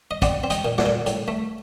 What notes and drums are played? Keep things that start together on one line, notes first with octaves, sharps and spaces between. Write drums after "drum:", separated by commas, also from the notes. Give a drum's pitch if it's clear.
D#5
C4 D5 F#5, drum: kick, hi-hat
C4
D#5 G5, drum: hi-hat
A#2
D5 F#5, drum: snare
A#2
A2, drum: hi-hat
A3